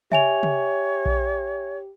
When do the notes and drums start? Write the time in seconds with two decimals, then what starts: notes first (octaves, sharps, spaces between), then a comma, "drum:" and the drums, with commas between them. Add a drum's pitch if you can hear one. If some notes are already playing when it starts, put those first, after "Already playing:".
0.12 G4 C#5 E5 G#5 F7, drum: tom
0.43 drum: tom
1.06 drum: kick A#1